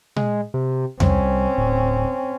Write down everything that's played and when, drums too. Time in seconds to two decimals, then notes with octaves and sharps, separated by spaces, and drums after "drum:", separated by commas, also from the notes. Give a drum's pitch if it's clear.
0.16 G#3, drum: tom A#2
0.54 C3
1.00 C2 C4 C#4, drum: tom E2
1.58 D1